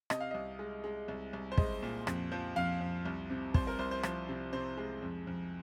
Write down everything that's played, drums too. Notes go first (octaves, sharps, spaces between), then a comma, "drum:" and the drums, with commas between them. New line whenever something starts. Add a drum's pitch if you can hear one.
C3 D#5, drum: rim click
F5
C2 D#5
G#3
G#3
C2
C2
C5
G#3 D#5, drum: kick
A#2
F2, drum: rim click
F3
F2 F5
F2
C2
C3
C2 C5, drum: kick
A#4
C2 C5
C5
F3 C5, drum: rim click
C3
C3 C5
G#3
F2
F2